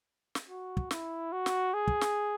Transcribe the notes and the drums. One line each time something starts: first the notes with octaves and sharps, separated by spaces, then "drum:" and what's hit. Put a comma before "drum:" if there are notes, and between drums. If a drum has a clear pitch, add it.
drum: snare
F#4
drum: kick
E4, drum: snare
F#4
drum: snare
G#4
drum: kick
drum: snare